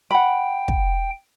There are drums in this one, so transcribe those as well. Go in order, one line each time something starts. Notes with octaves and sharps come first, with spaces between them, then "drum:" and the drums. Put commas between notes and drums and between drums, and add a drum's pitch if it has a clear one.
F#5 G5 B5
drum: kick